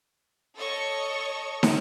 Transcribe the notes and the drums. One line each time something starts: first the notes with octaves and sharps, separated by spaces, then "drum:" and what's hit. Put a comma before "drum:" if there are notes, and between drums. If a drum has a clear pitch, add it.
A4 C#5 D#5 C#6
drum: snare